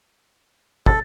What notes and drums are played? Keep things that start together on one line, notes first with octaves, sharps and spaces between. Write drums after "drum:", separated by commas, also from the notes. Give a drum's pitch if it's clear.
A4 A6, drum: kick